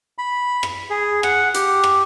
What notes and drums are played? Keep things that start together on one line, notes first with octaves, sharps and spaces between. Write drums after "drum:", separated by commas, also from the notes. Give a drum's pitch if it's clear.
B5
drum: rim click
G#4
F#5, drum: rim click
G4, drum: hi-hat
drum: rim click